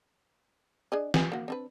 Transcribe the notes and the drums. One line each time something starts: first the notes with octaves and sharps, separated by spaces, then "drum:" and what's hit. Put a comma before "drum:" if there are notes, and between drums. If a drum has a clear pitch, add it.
D4 G#4 D#5
F4 B4 G#5, drum: snare
A#3 F#4
C4 D4 B4